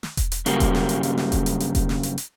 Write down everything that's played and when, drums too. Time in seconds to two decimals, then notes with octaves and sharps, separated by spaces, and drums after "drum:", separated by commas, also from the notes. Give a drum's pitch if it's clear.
0.03 drum: snare
0.17 drum: kick E1, hi-hat
0.32 drum: hi-hat
0.46 G2 C#3 F#3 G3 A#3, drum: hi-hat
0.60 drum: kick E1, hi-hat
0.75 drum: snare
0.89 drum: hi-hat
1.03 drum: hi-hat
1.17 drum: snare
1.32 drum: kick E1, hi-hat
1.46 drum: hi-hat
1.60 drum: hi-hat
1.75 drum: kick E1, hi-hat
1.89 drum: snare
2.03 drum: hi-hat
2.18 drum: hi-hat